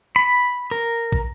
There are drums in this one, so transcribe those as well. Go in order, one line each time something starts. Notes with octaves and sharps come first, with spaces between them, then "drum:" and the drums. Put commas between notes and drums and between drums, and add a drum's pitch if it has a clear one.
B5
A#4
drum: kick